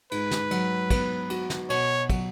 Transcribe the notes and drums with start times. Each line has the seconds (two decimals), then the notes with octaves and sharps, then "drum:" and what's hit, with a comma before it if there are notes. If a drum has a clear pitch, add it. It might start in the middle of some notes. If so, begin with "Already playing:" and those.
0.12 G#2 B4, drum: cymbal
0.31 drum: snare
0.51 F#3, drum: cymbal
0.90 B3, drum: kick, cymbal
1.30 F#4, drum: cymbal
1.50 drum: snare
1.70 B2 C#5, drum: cymbal
2.10 F#3, drum: kick, cymbal